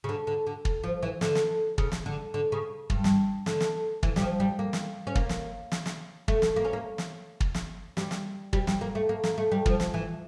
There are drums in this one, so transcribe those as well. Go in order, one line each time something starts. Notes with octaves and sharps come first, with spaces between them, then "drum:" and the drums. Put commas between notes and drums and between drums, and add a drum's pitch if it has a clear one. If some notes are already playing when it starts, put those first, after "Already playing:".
C#3
D3
D3
D3
drum: kick
F3
E3
D3, drum: snare
drum: snare
C#3, drum: kick
drum: snare
D3
D3
C#3
G2, drum: kick
drum: snare
D3, drum: snare
drum: snare
E3, drum: kick
G3, drum: snare
F3
G3
A#3
drum: snare
C#4
A#3, drum: kick
drum: snare
drum: snare
drum: snare
A3, drum: kick
drum: snare
A#3
C#4
A#3
drum: snare
drum: kick
drum: snare
G3, drum: snare
drum: snare
G3, drum: kick
G3, drum: snare
A#3
A3
A#3
A#3, drum: snare
A3
G3
F3, drum: kick
drum: snare
E3